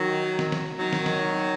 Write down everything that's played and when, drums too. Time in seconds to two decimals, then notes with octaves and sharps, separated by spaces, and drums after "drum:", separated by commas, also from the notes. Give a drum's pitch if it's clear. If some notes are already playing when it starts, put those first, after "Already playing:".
Already playing: D#3 F#3
0.39 drum: snare
0.52 drum: snare
0.79 D#3 F#3
0.93 drum: snare
1.06 drum: snare